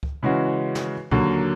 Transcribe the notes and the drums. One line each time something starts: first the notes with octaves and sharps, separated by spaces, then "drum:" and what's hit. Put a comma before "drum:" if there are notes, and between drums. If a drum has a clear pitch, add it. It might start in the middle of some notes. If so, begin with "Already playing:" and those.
drum: kick C#2
C#3 E3 G#3 C#4 F#4
drum: snare
D#2 D3 F#3 A#3, drum: kick C#2